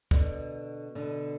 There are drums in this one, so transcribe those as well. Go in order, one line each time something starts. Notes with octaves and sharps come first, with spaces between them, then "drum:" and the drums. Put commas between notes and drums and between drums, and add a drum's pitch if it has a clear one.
B2 D3, drum: kick
B2 D3